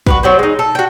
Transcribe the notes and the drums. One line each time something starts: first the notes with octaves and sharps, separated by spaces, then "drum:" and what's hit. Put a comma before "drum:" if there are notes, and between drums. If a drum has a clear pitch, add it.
F#4 G4 B4, drum: kick
F#3 B3 C5
G#3 D#4
A4
F#4 G5